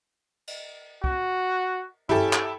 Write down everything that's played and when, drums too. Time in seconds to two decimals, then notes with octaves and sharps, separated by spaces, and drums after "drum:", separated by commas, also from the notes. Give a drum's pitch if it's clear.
0.47 drum: cymbal
1.04 F#4, drum: kick
2.09 C#4 E4 G4 A4, drum: tom
2.33 drum: clap